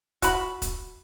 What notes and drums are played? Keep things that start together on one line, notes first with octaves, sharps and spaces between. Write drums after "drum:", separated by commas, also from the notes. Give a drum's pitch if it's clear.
F#4 B5, drum: kick E1, hi-hat
drum: kick E1, hi-hat